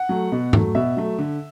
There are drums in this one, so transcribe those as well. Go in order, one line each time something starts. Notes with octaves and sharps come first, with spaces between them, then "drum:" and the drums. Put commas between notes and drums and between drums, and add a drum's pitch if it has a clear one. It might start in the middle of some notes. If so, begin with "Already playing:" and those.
Already playing: F#5
F#3 A3
B2
F#3 A3, drum: tom G#2
B2 E5
F#3 A3
D3